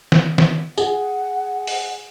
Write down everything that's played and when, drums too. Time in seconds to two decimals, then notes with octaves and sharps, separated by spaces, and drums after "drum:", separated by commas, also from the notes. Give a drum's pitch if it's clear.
0.12 drum: snare
0.38 drum: snare
0.78 G#4 F#5, drum: tambourine
1.67 drum: open hi-hat